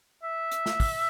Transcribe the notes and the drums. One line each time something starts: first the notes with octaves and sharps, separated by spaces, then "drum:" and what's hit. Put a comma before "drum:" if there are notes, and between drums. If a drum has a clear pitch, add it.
E5
drum: hi-hat
drum: snare
drum: kick, open hi-hat